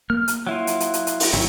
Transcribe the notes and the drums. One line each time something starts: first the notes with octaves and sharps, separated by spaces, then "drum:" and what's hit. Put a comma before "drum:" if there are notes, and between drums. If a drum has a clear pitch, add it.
A#3 F6
drum: hi-hat
F#3 E4 F4
drum: hi-hat
drum: hi-hat
drum: hi-hat
drum: hi-hat
drum: open hi-hat
G#1 D#3 F#3 E4, drum: rim click